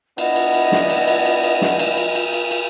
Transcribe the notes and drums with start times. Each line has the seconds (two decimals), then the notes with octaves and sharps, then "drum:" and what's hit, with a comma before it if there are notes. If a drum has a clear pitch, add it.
0.18 B3 D4 E4 D#5 F#5, drum: cymbal
0.36 drum: cymbal
0.54 drum: cymbal
0.72 drum: snare
0.90 drum: cymbal
1.08 drum: cymbal
1.26 drum: cymbal
1.44 drum: cymbal
1.62 drum: snare
1.79 drum: cymbal
1.97 drum: cymbal
2.15 drum: cymbal
2.33 drum: cymbal
2.51 drum: cymbal